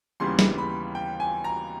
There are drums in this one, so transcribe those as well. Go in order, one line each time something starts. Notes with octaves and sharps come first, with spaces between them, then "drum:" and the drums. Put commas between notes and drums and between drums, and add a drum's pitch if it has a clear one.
D#2 C#3 E3 G3 B3 C6
drum: snare
B5
G5
G#5
A#5